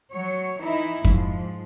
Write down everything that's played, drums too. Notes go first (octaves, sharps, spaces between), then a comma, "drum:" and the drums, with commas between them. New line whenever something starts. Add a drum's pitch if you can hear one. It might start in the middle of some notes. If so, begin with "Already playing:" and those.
F#3 C#5
E3 D#4 E4
G#2 F3, drum: kick F2